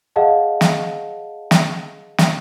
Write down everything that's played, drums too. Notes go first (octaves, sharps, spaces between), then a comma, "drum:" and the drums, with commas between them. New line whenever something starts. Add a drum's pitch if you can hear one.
G#4 D#5 F5 F#5 A5
drum: snare
drum: snare
drum: snare